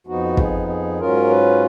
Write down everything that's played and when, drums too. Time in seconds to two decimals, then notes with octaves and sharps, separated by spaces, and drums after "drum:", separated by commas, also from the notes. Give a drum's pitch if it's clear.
0.07 F2 F3 B3 D#4 F#4
0.37 G#4, drum: kick
0.68 G#4
0.99 G#2 F#3 C#4 F4 A#4
1.30 B4